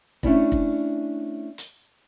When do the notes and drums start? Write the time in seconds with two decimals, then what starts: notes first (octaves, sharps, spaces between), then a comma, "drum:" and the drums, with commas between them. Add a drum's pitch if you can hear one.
0.23 A3 C#4 D4 E4 D5, drum: kick
0.52 drum: kick
1.58 drum: hi-hat